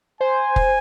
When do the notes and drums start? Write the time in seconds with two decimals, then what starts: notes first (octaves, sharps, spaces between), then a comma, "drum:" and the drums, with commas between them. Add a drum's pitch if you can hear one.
0.21 C5 G#5
0.56 drum: kick